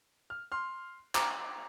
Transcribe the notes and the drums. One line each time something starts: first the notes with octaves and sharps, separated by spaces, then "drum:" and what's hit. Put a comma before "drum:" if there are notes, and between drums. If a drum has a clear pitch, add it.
F6
C6 F6
A#5 D6, drum: clap